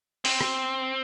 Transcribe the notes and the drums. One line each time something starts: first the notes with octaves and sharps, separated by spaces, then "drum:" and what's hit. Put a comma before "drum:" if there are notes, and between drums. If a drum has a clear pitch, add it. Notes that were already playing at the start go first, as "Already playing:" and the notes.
C4, drum: open hi-hat
drum: rim click